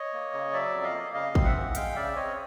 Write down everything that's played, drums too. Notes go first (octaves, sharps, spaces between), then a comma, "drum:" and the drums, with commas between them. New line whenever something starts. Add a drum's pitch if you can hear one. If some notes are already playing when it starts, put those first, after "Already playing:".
Already playing: C#5 D#5
A#3
C#3
F#3 D5 E5
F2
D#5 F5
A#3
C#3 D#5 F5
C4, drum: kick
E5 F#5
E3
G#3 F5 G5, drum: hi-hat
C#3 D5 E5
C4 C#5 D#5